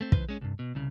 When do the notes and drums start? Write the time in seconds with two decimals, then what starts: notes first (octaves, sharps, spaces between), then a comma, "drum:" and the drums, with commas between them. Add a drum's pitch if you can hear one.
0.01 A3 C4
0.12 C#2 E3 B4 C5, drum: kick
0.29 G#3 C#4
0.41 C2 G2
0.59 B2
0.75 C2 C#3